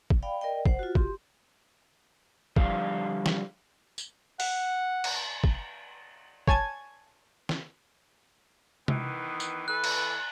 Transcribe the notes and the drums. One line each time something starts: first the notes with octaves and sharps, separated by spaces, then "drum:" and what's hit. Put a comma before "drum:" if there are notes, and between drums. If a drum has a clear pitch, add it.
drum: kick
D5 F5 G5 B5
A#4 D5 D#5 G5
C5 F#5, drum: kick
F4 F#4
G4 C6, drum: kick
D3 F3 G3 F5, drum: kick
drum: snare
drum: tambourine
F#5, drum: open hi-hat
drum: cymbal
drum: kick
C#5 G#5 A5 G#6, drum: kick
drum: snare
D#3 E3 B3, drum: tom C3
drum: tambourine
E3 A4 B4 F#6
drum: cymbal